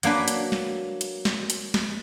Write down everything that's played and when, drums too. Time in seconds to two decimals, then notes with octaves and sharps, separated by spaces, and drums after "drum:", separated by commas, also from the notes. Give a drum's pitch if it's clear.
0.03 F#3 A#3 D4 B4, drum: hi-hat
0.28 drum: hi-hat
0.52 drum: snare
1.01 drum: hi-hat
1.25 drum: snare
1.50 drum: hi-hat
1.74 drum: snare